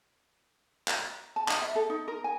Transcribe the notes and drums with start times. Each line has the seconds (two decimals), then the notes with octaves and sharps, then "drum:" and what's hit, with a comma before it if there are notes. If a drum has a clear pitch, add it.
0.88 drum: clap
1.36 A5
1.48 D#5, drum: clap
1.62 E5
1.75 A4
1.90 D#4
2.08 A#4
2.24 G#5